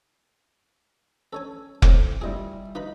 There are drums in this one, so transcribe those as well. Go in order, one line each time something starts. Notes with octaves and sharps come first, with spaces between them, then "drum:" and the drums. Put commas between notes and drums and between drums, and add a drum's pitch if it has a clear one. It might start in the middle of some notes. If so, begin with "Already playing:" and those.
C#4 A4 C#5 G#5
F2 A2, drum: kick F1
G3 E4 F4 G#4 D#5
D#4 F4 B4 B5